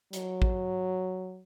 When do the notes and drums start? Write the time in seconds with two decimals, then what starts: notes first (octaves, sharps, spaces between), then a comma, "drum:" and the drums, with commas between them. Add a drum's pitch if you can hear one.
0.13 F#3, drum: hi-hat
0.42 drum: kick